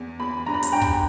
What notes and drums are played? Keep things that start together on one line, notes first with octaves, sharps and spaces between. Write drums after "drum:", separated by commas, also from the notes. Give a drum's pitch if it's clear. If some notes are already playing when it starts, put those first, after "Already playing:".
Already playing: E2
E2 B5
G2 A#5
B5
A#5, drum: hi-hat
G2 G5
drum: kick